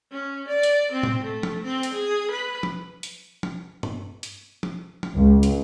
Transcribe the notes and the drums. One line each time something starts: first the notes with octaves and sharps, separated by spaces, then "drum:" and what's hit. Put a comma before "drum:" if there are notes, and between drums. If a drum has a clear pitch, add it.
C#4
D5
drum: hi-hat
C4
drum: tom A2
A3
drum: tom F3
C4
drum: hi-hat
G#4
B4
drum: tom F3
drum: hi-hat
drum: tom F3
drum: tom
drum: hi-hat
drum: tom F3
drum: tom F3
C#2
drum: hi-hat